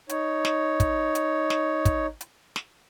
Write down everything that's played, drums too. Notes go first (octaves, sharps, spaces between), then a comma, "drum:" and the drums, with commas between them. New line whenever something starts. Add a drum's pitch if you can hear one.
D#4 C#5, drum: hi-hat
drum: snare
drum: kick, hi-hat
drum: hi-hat
drum: snare
drum: kick, hi-hat
drum: hi-hat
drum: snare